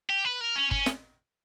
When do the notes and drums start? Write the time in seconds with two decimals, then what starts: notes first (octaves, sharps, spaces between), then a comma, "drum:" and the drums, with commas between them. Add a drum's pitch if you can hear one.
0.09 G4
0.25 B4
0.41 A#4
0.56 C#4
0.71 C#4, drum: kick G1
0.86 drum: snare